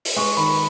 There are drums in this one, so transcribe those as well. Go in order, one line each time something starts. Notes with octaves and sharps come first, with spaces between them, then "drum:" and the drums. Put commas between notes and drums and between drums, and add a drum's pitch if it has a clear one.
drum: open hi-hat
G#3 C#6
D#3 B5